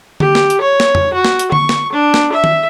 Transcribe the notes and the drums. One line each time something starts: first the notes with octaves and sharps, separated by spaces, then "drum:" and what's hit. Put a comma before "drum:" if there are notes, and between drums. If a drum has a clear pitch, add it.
G4, drum: tom D3
drum: snare
drum: hi-hat
C#5
drum: snare
drum: tom
F#4
drum: snare
drum: hi-hat
C#6, drum: tom D3
drum: snare
D4
drum: snare
E5
drum: tom D#3